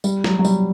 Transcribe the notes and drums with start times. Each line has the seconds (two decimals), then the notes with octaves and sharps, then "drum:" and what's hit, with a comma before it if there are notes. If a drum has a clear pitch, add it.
0.04 G3, drum: tambourine
0.24 F#3, drum: snare
0.39 F#3
0.45 G3, drum: tambourine